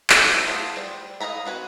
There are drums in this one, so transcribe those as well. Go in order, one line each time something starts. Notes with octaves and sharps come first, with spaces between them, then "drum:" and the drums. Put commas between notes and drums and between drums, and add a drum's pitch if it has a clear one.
F3 D4 C#5, drum: clap
F#3 E4 C5
A3 B3 F4 G#4
G3 C5
D#5 F5 G#5 A#5 B5
C4 F#4 B4 G#5